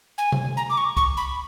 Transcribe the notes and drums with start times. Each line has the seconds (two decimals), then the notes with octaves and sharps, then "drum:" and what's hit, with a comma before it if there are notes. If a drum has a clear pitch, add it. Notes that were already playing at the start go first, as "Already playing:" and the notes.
0.18 G#5
0.32 drum: tom C3
0.57 A#5
0.70 D6
0.77 C#6
0.97 C#6, drum: kick
1.17 B5